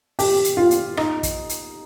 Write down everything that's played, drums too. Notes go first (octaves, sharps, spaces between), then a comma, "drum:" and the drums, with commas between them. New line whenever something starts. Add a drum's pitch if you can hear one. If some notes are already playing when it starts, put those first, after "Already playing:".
G4, drum: open hi-hat
drum: hi-hat
F4
drum: hi-hat
D#4, drum: rim click
drum: kick, hi-hat
drum: hi-hat